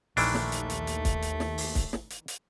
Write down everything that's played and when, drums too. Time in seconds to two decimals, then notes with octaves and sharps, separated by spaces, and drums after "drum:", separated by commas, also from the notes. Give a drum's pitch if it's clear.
0.17 A#1 D#2 D#3 E3 A3 D4, drum: open hi-hat
0.34 drum: snare
0.52 drum: hi-hat
0.70 drum: hi-hat
0.87 drum: hi-hat
1.05 drum: kick, hi-hat
1.22 drum: hi-hat
1.40 drum: snare
1.58 drum: open hi-hat
1.75 drum: kick, hi-hat
1.93 drum: snare
2.10 drum: hi-hat
2.28 drum: hi-hat